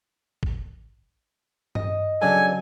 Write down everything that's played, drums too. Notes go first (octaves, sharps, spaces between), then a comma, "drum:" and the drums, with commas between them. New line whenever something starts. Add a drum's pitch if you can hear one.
drum: kick A1
D#5, drum: tom G2
C#3 F#3 D4 A4 G#5